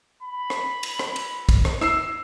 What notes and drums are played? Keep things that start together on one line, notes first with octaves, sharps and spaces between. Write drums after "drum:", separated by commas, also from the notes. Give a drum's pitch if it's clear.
B5
drum: rim click
drum: cymbal
drum: rim click
drum: cymbal
drum: kick, cymbal
drum: rim click
E6 C7, drum: rim click